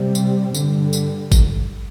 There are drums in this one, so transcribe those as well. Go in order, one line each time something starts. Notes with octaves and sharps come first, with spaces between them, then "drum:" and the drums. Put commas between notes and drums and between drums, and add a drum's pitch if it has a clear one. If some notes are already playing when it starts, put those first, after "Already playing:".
Already playing: C3 G3 C4
drum: tambourine
G2 D3 G3, drum: tambourine
drum: tambourine
drum: kick G#1, tambourine